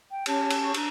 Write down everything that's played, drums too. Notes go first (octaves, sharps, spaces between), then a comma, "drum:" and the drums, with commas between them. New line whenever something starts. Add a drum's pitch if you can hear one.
G5
C#4 G4 C#5 A5, drum: cymbal
drum: cymbal
C#6
D4 A#5, drum: cymbal